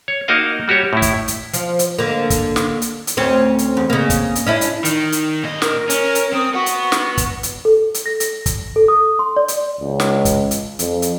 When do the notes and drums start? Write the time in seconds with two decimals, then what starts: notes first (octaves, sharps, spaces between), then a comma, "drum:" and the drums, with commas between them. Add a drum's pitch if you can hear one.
0.08 C#5
0.28 A#3 D#4 F#4 A#4 D#5 F5
0.68 G3 F#4 G4 C#5
0.93 A2 E4
1.02 drum: kick, hi-hat
1.28 drum: hi-hat
1.53 F3, drum: hi-hat
1.79 drum: hi-hat
1.99 D3 A#3
2.30 drum: kick, hi-hat
2.56 drum: snare
2.82 drum: hi-hat
3.07 drum: hi-hat
3.17 D2 C4 C#4
3.59 drum: hi-hat
3.77 E2
3.90 C#3 A#3
4.10 drum: kick, hi-hat
4.35 drum: hi-hat
4.47 C#4 D4 E4
4.61 drum: hi-hat
4.85 D#3, drum: hi-hat
5.12 drum: hi-hat
5.43 A#2 D#5
5.62 A#4, drum: snare
5.90 C#4, drum: hi-hat
6.15 drum: hi-hat
6.34 C4 D#6
6.55 F#4 B4 F#5
6.66 drum: hi-hat
6.92 drum: snare
7.18 drum: kick, hi-hat
7.43 drum: hi-hat
7.65 A4
7.94 drum: hi-hat
8.06 A#6
8.20 drum: hi-hat
8.46 drum: kick, hi-hat
8.76 A4
8.88 D#6
9.19 C6
9.36 D5
9.48 drum: hi-hat
9.81 C#2
10.00 drum: snare
10.25 drum: kick, hi-hat
10.51 drum: hi-hat
10.79 F2, drum: hi-hat
11.02 drum: hi-hat